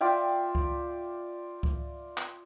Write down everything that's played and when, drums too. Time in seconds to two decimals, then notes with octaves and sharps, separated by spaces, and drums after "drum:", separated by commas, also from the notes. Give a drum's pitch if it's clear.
0.01 F4 D5 E5 G5
0.55 drum: kick C#2
1.63 drum: kick C#2
2.17 drum: clap